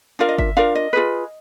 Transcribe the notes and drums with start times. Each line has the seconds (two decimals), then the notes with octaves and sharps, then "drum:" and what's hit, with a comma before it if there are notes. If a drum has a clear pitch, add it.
0.19 D4 F4 A#4 F5
0.29 D#5
0.39 E5, drum: kick G1
0.57 D4 F4 A#4 F5
0.75 D#5
0.93 F4 G#4 B4